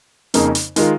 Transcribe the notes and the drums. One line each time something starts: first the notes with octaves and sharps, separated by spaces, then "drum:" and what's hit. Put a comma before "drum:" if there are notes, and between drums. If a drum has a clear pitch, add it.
F2 C#3 A#3 D#4 G#4, drum: hi-hat
drum: hi-hat
D#3 G#3 F4 A#4, drum: hi-hat